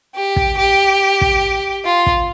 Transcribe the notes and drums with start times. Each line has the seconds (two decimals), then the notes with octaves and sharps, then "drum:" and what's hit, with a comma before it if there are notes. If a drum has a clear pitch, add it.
0.15 G4
0.36 drum: kick
0.57 G4
1.21 drum: kick
1.85 F4
2.06 drum: kick